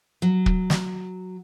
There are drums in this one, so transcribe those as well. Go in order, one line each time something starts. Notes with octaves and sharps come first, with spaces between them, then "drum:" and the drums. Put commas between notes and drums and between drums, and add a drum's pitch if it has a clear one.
F#3
drum: kick
drum: snare